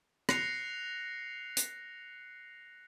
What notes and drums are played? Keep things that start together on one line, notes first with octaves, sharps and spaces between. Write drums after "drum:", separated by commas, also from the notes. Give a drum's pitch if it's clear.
F#6 A#6 C7 C#7 F7, drum: rim click
drum: hi-hat